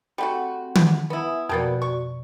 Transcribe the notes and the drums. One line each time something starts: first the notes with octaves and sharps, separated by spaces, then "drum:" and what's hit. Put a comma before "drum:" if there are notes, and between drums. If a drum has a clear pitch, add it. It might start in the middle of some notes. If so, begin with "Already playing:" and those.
G3 A3 C4 F#4 F#5
drum: tom
B3 E4 E5 G#5 D#6
F2 B2 F3 G3 A#3 B3 F#4 D5
C#6